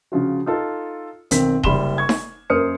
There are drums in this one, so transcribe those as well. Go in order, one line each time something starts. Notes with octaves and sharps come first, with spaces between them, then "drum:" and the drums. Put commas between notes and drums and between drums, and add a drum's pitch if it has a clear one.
C#3 F3 F4 F#4
D#4 F4 A4
B1 D#3 C4 B6, drum: hi-hat
F#1 G3 B5 C6 E7 G7, drum: kick D#1
C#6 G#6
drum: snare D#4
F#2 A#3 C5 D#6 F6 C#7